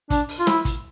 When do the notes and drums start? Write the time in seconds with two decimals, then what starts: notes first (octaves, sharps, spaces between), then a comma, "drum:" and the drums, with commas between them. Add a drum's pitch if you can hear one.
0.10 D4, drum: kick, hi-hat
0.29 drum: open hi-hat
0.40 F4
0.47 E4, drum: snare
0.65 drum: kick, hi-hat